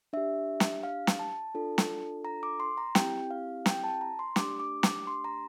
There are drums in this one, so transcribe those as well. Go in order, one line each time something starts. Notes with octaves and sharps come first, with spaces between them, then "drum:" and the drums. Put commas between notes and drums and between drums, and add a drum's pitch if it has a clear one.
D4 G4 E5
drum: snare
F5
drum: snare
A5
D4 F4 A4
drum: snare
A#5
D6
C6
A#5
C4 E4 G4 G5, drum: snare
F5
G5, drum: snare
A5
A#5
C6
A3 D4 G4 D6, drum: snare
D6
D6, drum: snare
C6
A#5